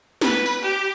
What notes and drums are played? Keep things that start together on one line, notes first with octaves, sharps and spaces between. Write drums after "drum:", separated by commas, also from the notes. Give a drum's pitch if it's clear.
B4, drum: snare
drum: tambourine
G4